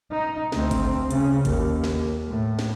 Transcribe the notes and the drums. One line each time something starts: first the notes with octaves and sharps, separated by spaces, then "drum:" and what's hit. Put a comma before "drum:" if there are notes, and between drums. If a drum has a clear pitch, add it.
D#4
D2 C4, drum: snare
drum: kick G#1, hi-hat
C#3, drum: hi-hat
D#2, drum: kick G#1, hi-hat
drum: snare
A2
drum: snare